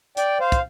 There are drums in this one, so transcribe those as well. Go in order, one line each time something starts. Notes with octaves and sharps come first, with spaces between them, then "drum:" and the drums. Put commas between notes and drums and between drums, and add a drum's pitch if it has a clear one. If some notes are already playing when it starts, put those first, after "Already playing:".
D5 G5, drum: hi-hat
C5 F5
drum: kick, hi-hat